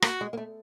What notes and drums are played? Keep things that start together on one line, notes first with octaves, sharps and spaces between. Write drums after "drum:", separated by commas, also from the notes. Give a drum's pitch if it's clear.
A#3 F#4, drum: rim click
G#3
A#3
A3